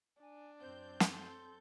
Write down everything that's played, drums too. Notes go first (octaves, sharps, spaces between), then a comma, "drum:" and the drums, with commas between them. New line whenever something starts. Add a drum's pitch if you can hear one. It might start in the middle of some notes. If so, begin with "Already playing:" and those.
D4 G#5
F#2 C4 C5 G6
drum: snare
A4 C6